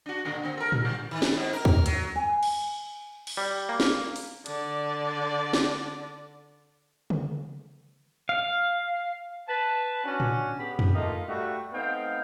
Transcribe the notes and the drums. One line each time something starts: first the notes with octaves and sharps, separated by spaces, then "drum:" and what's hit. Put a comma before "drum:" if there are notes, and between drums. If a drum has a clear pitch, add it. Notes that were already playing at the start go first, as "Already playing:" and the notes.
D4 F#4
G2 A#2 D3
A#3 C4
A4 A#4
G2, drum: tom A2
G3
D#3
drum: snare
G#2
A#4
drum: kick D2
F#3, drum: hi-hat
G#5
drum: cymbal
drum: cymbal
G3
A#3
drum: snare
drum: open hi-hat
D3 D5, drum: hi-hat
drum: snare
drum: tom C#3
F5
B4 A5
C#4 D4 F#4
drum: tom A2
C#3 B3 G4 B5
drum: tom F2
A3 A#3 D#4 F4
G3 A3 F#4
A3 B3 C4 D#4 F5 G5